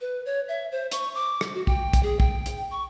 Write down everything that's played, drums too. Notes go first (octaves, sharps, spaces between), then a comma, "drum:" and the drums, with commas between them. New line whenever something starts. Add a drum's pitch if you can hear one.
B4
C#5
E5
C5
C#6, drum: hi-hat
D6
drum: rim click
F#4
G5, drum: kick
drum: kick, hi-hat
G#4
G5, drum: kick
drum: hi-hat
C#6